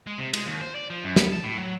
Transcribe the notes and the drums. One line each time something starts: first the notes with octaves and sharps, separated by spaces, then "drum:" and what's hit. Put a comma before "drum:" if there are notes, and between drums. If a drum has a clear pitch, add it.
G#3
C3
G#3, drum: cymbal
D#2
C5
D5
F3
F#2
B3, drum: snare
A5
A2
F#3